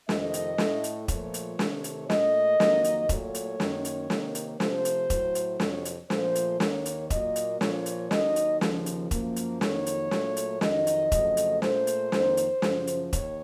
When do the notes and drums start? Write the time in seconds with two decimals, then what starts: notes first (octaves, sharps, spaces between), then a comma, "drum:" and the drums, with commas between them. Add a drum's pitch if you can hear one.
0.09 F2 C3 D#3 A3 D#5, drum: snare
0.34 drum: hi-hat
0.58 A2 A3, drum: snare
0.84 drum: hi-hat
1.08 A#2 F3 A3 C#5, drum: kick E1, hi-hat
1.34 drum: hi-hat
1.59 C3 D#3 A3, drum: snare
1.84 drum: hi-hat
2.10 A#2 A3 D#5, drum: snare
2.60 F2 D#3 F#3 A#3, drum: snare
2.84 drum: hi-hat
3.09 A#2 F#3 A3 C#5, drum: kick E1, hi-hat
3.35 drum: hi-hat
3.60 F#2 D#3 A#3, drum: snare
3.85 drum: hi-hat
4.10 C3 D#3 A#3, drum: snare
4.35 drum: hi-hat
4.60 C3 F3 A3 C5, drum: snare
4.85 drum: hi-hat
5.10 A2 F#3 A3, drum: kick E1, hi-hat
5.35 drum: hi-hat
5.60 F2 C3 F#3 C#5, drum: snare
5.85 drum: hi-hat
6.10 A#2 F3 A3 C5, drum: snare
6.35 drum: hi-hat
6.60 D#2 D#3 A#3 C#5, drum: snare
6.86 drum: hi-hat
7.10 A#2 F#3 A#3 D#5, drum: kick E1, hi-hat
7.36 drum: hi-hat
7.61 A#2 F3 A#3 C#5, drum: snare
7.86 drum: hi-hat
8.11 D#2 D#3 F#3 D#5, drum: snare
8.36 drum: hi-hat
8.61 D#2 C#3 F3, drum: snare
8.86 drum: hi-hat
9.11 F#2 F3 A#3, drum: kick E1, hi-hat
9.36 drum: hi-hat
9.61 F2 D#3 F#3 A#3 C#5, drum: snare
9.86 drum: hi-hat
10.11 A#2 F#3 A3, drum: snare
10.37 drum: hi-hat
10.61 F2 D#3 F#3 D#5, drum: snare
10.87 drum: hi-hat
11.12 F2 C#3 F#3 A3, drum: kick E1, hi-hat
11.37 drum: hi-hat
11.62 A#2 A3 C5, drum: snare
11.87 drum: hi-hat
12.12 F2 D#3 A#3, drum: snare
12.37 drum: hi-hat
12.62 F#2 C#3 F3, drum: snare
12.87 drum: hi-hat
13.13 D#2 C#5, drum: kick E1, hi-hat